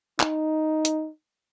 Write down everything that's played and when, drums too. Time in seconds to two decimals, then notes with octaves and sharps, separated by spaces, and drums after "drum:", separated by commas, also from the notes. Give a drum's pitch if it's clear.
0.20 D#4, drum: clap
0.85 drum: hi-hat